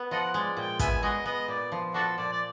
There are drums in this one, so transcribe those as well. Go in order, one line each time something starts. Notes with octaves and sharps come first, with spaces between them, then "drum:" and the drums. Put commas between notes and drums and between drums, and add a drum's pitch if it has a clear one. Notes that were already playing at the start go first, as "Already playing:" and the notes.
Already playing: B3
F3 A4 D#5 F#5
G#3 D5
A#2 G5
B3 E5 G#5, drum: kick, hi-hat
G#3 F#4 G#4 D#5
B3 D#5
A#2 D5
F3
F3 D4 F#4 A4
A#2 D5
D5